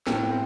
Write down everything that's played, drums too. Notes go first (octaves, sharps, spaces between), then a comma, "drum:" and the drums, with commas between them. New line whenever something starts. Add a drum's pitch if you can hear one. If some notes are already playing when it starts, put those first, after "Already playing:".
A2 G5, drum: snare
C4